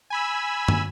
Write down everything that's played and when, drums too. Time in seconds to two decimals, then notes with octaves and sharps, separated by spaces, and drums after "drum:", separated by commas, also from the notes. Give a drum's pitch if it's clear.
0.10 G#5 B5 E6
0.68 drum: tom